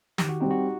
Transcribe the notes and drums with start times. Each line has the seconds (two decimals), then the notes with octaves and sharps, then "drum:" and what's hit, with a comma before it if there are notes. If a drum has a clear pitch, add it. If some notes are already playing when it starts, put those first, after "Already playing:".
0.18 D#3 G4, drum: snare
0.29 F#4
0.40 G3 C4 D#4
0.51 F#4